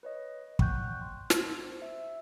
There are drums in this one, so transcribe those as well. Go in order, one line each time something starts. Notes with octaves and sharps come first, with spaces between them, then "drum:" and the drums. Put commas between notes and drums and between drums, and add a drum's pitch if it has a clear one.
B4 C#5 D#5
F#5 G5 C#6 F#6 G6, drum: kick
C6
drum: snare
C5
E5